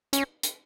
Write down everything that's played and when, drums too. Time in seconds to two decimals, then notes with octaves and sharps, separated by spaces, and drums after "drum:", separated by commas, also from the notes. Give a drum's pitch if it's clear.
0.13 C#4, drum: hi-hat
0.43 drum: hi-hat